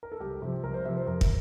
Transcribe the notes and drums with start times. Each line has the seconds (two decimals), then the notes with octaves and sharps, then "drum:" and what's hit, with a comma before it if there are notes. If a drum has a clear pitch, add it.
0.03 A#4
0.12 A4
0.20 C2 G4
0.42 C3 F3
0.63 C2 A#4
0.74 C5
0.85 C3 F3 E5
0.97 C5
1.06 F2 A#4
1.21 drum: kick